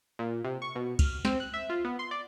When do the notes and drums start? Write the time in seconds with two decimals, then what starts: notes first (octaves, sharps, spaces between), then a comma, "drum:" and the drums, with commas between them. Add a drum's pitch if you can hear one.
0.19 A#2
0.44 C3
0.62 C#6
0.75 B2
0.99 F6, drum: kick, cymbal
1.25 C4, drum: snare
1.40 F#6
1.54 E5
1.70 F4
1.85 B3
1.99 C6
2.11 D5